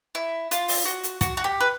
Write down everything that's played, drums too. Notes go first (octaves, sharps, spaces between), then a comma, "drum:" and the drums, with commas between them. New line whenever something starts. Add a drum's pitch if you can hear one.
E4
F4, drum: hi-hat
drum: open hi-hat
F#4
drum: hi-hat
F#4, drum: kick, hi-hat
F#4
G4
B4